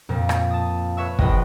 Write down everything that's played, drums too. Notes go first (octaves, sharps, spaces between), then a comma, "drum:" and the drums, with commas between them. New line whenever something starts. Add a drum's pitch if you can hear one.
F2 A#2
drum: rim click
A5 D#6
B4 C#5 E5 C#6 E6
A#1 B4 D#5 G5, drum: kick